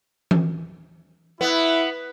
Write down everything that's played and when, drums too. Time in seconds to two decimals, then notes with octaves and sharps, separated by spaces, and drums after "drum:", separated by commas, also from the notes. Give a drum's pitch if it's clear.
0.31 drum: tom E3
1.41 B3 E4